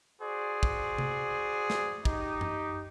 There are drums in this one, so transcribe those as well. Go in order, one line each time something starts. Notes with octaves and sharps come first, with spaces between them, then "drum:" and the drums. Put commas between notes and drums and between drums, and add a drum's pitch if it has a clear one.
F#4 G#4 C5 D5
drum: kick
drum: tom C3
drum: snare
D#4 G4, drum: kick
drum: tom F#2